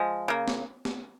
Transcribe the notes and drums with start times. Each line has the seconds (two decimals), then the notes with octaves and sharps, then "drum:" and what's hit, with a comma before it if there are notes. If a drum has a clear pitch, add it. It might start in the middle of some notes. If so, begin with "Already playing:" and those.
Already playing: F3 G#3
0.28 C#3 A#3
0.48 drum: snare
0.85 drum: snare